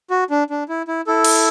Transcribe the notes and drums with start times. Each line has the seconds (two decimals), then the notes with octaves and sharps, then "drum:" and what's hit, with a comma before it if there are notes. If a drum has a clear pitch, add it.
0.11 F#4
0.30 D4
0.50 D4
0.69 E4
0.88 E4
1.07 E4 A4
1.24 drum: cymbal